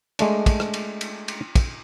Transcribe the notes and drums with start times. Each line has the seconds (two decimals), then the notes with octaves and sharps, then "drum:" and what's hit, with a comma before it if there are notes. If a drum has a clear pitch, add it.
0.19 G#3 A3 D4, drum: cymbal
0.46 drum: kick, cymbal
0.60 drum: rim click
0.74 drum: cymbal
1.01 drum: cymbal
1.28 drum: cymbal
1.55 drum: kick, cymbal